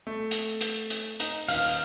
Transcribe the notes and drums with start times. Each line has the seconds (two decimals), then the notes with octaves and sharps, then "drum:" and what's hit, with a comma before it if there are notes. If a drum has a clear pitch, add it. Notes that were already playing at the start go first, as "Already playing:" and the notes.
0.07 A3
0.31 drum: hi-hat
0.61 drum: hi-hat
0.90 drum: hi-hat
1.20 D#4, drum: hi-hat
1.49 D#1 D#3 F5, drum: open hi-hat